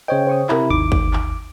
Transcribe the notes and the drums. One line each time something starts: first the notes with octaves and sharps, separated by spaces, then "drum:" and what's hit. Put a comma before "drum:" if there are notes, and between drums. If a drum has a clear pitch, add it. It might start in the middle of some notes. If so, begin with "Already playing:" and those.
C#3 C5 C#5 D#5 G5
C5 C#6 D#6
C3 E4 A#4 A#5, drum: clap
G#1 D#2 D#4 D6
drum: kick
drum: clap